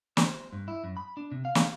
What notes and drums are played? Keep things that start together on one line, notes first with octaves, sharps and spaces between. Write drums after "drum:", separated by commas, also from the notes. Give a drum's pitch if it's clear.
C5, drum: snare
G2
E4
F#2
B5
D4
C3
F5
drum: snare